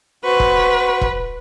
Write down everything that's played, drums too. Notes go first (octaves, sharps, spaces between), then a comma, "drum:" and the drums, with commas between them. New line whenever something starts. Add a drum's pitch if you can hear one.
F#4 B4 C5 C#6
drum: kick E1
drum: kick E1